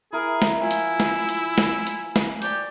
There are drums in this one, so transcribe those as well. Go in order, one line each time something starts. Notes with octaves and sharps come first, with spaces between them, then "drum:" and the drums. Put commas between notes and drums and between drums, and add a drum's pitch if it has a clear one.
E4 G#4 A#4
drum: snare
F3 E4 G#5
drum: hi-hat
drum: snare
drum: hi-hat
drum: snare
drum: hi-hat
drum: snare
G4 D5 C#6, drum: hi-hat